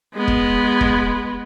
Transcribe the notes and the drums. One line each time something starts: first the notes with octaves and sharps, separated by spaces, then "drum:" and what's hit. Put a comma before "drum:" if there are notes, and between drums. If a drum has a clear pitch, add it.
G#3 B3
drum: kick
drum: kick